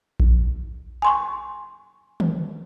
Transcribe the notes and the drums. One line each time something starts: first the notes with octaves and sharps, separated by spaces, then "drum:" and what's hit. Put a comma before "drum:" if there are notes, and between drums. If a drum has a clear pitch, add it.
drum: kick A#1
G#5 C6 C#6
drum: tom